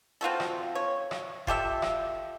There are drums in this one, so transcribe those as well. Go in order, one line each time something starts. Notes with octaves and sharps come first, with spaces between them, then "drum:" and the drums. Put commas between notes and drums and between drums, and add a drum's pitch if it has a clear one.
C4 F4 F#4 A4
drum: rim click
C#5
drum: rim click
F4 G4 A4 E5, drum: kick E1
drum: rim click